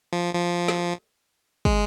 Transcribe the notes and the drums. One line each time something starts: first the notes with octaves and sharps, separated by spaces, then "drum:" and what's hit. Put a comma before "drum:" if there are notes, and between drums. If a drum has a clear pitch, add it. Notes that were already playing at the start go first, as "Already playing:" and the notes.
F3
F3
drum: snare
G#3, drum: kick